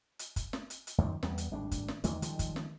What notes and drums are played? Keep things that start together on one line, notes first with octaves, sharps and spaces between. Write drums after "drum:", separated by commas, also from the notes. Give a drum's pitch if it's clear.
drum: hi-hat
drum: kick, hi-hat
drum: snare
drum: hi-hat
drum: hi-hat
F#2 D#3 F3 G3
E2 G3 B3, drum: snare
drum: hi-hat
G#1 A2 G3 D4
drum: kick, hi-hat
drum: snare
E2 D#3 G#3 A#3, drum: hi-hat
D#3 F3 G3 G#3, drum: hi-hat
drum: kick, hi-hat
drum: snare